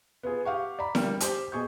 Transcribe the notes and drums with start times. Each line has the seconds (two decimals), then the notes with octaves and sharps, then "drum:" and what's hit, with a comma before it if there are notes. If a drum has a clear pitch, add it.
0.23 B3 F4 G#4
0.45 G4 F5 F#5 C#6
0.79 D5 A#5 B5
0.95 D3 G3 A#3, drum: snare E4
1.20 G4 C5, drum: hi-hat
1.52 B2 G#4 C#6 G6